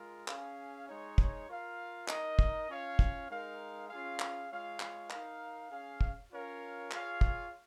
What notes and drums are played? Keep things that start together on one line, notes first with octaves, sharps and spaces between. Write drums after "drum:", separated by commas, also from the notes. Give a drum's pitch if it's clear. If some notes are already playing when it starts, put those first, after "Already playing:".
Already playing: G#3 F4 A#4
C#4 G#4 F5, drum: clap
G#3 D#4 C#5
drum: kick
F4 A#4 F5
D#4 A#4 D#5, drum: clap
drum: kick
C#4 F4 C#5 F5
drum: kick
G#3 D#4 A#4 F5
C#4 F4 G#4 F5
drum: clap
G#3 F4 C#5 F5
drum: clap
D#4 A#4 F5, drum: clap
C#4 G#4 F5
drum: kick
C#4 F4 A#4 C#5 F5
F4 G#4 C#5 F5, drum: clap
drum: kick